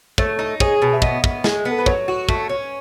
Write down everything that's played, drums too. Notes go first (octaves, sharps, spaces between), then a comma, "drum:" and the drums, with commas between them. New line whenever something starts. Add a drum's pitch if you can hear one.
A3 C#5, drum: kick
D#4
G#4 C#5, drum: kick
B2
E5
B3 D#5, drum: kick
B3, drum: kick
G#3, drum: snare
B3
A4
B4
F#3 C#5, drum: kick
F#4
A3, drum: kick
C#4